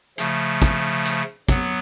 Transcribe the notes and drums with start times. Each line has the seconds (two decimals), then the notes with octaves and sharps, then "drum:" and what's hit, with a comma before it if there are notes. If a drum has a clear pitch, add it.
0.18 C#3 F3 A3, drum: hi-hat
0.62 drum: kick, hi-hat
1.05 drum: hi-hat
1.49 F#3 B3, drum: kick, hi-hat